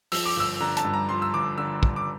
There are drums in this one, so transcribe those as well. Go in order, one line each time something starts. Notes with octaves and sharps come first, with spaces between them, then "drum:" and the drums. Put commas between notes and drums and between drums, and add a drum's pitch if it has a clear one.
F3 E6, drum: open hi-hat
D6
G1 E6
D3 A#5
A5, drum: hi-hat
G2
A#5
F3 C6
E6
G1 D6
D3 E6
G2, drum: kick
D6